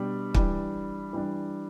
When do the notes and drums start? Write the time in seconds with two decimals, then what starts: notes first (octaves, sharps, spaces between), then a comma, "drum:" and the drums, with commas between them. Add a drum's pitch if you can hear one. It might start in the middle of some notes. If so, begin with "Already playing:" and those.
Already playing: B2 G3 D4 G4
0.34 E3 G3 D4, drum: kick
1.13 E3 G3 D4